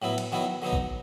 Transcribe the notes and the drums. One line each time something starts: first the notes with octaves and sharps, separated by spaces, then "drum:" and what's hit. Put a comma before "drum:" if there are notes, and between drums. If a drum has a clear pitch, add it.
A2 F#3 B3 E4
drum: cymbal
D#3 F#3 B3 E4
D3 F#3 B3 D#4
drum: kick A1